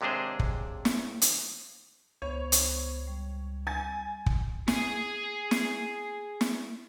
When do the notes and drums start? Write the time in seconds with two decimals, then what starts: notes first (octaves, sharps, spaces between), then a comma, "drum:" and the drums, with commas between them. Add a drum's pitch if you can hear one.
0.01 D#2 C3 G#3 D4 G#4 C5
0.39 drum: kick
0.85 drum: snare
1.22 drum: hi-hat
2.22 C#2 B3 C5 C#5
2.52 drum: hi-hat
3.07 G3
3.67 G#5 A6
4.26 drum: kick
4.68 G#4 G#5, drum: snare
5.51 drum: snare
6.41 drum: snare